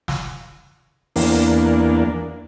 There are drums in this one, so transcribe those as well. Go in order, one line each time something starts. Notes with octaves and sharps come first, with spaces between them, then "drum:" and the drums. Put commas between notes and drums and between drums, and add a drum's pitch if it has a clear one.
drum: snare
E2 A#3 D4, drum: open hi-hat